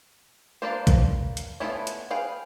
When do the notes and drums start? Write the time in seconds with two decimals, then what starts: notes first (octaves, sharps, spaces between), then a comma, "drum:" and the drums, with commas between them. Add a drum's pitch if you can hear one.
0.62 A#3 D4 F4 B4 C5
0.87 drum: kick A#1, hi-hat
1.37 drum: hi-hat
1.60 A3 B3 C#4 E4 F4
1.87 drum: hi-hat
2.11 G#4 B4 F5 G5